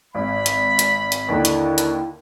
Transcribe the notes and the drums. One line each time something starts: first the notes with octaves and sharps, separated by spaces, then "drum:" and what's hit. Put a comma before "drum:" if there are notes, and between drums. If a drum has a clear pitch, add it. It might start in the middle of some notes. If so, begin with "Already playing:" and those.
G#1 B5
drum: hi-hat
drum: hi-hat
drum: hi-hat
D#2 D3 D#3 E4
drum: hi-hat
drum: hi-hat